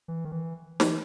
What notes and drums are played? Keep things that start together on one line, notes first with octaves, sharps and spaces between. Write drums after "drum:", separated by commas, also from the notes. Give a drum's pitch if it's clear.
E3
D#3
E3
F3, drum: snare
E3